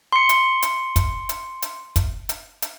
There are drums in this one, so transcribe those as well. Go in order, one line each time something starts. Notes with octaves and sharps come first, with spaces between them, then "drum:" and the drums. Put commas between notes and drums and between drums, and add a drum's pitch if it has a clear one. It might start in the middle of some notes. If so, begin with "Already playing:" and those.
C6 C#7
drum: hi-hat
drum: hi-hat
drum: kick, hi-hat
drum: hi-hat
drum: hi-hat
drum: kick, hi-hat
drum: hi-hat
drum: hi-hat